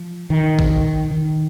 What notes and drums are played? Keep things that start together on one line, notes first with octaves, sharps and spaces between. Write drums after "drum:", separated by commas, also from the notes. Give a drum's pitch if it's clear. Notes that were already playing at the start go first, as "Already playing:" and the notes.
Already playing: F3
D#3
drum: kick
D#3